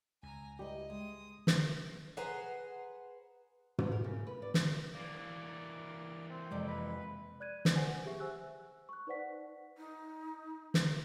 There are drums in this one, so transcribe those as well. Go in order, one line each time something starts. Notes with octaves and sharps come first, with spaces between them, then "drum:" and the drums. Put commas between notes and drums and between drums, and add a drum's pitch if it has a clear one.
C#2 G#5 A#5
G3 E4 G4 B4 D#5
G#3 D#6
drum: snare
G#4 B4 C5 F#5 A#5
F3, drum: tom
A#4
C#3
B4
D5
C3, drum: snare
E3 A#3 D5
C4
F2 C3 G#3 D5
B4
D5 F#6 G#6 D#7
drum: snare
B4 C5 F#5 G#5
G4 G#4 E5 C#6
C5 G#5 E6 F#6
C#6 F#6
D#4 B4 C5 D5 F#5 B6
D#4
drum: snare